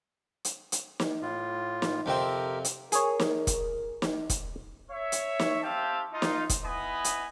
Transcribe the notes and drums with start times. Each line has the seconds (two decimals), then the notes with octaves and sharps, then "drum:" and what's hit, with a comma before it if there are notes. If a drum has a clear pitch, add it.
0.45 drum: hi-hat
0.72 drum: hi-hat
1.00 drum: snare
1.22 A2 F4
1.82 drum: snare
2.06 F2 C3 C4 G4 A#4
2.65 drum: hi-hat
2.92 G#4 A#4 C#5, drum: hi-hat
3.20 drum: snare
3.47 drum: kick E1, hi-hat
4.02 drum: snare
4.30 drum: kick E1, hi-hat
4.91 C#5 E5
5.12 drum: hi-hat
5.39 drum: snare
5.63 C4 G4 E5 F5 G5 A5
6.12 D#4 F4
6.22 drum: snare
6.49 drum: kick E1, hi-hat
6.64 B3 E4 D#5 G#5 B5 D#6
7.04 drum: hi-hat